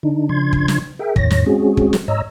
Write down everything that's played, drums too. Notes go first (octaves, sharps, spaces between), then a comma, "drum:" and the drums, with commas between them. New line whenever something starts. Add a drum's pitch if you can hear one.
D3 D4 D#4
C#3 F3 D4 C6 G#6
drum: kick
drum: snare
G#4 A#4 E5 G5
E2 A2 D#3 C#5 A#6, drum: kick
drum: snare
G#3 C4 C#4 F#4 G#4
drum: kick
drum: snare
G#2 C#5 D#5 A#5 E6